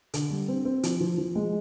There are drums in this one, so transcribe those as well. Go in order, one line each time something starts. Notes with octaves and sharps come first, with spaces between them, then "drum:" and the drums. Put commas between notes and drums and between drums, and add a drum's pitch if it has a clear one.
D3, drum: hi-hat
G3
C4
C4
F3, drum: hi-hat
F3
F3
G#3